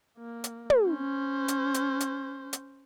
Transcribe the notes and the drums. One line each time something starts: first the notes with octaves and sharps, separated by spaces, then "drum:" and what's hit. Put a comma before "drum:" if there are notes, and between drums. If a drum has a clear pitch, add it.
A#3
drum: hi-hat
drum: tom
C#4 C5
drum: hi-hat
drum: hi-hat
drum: hi-hat
drum: hi-hat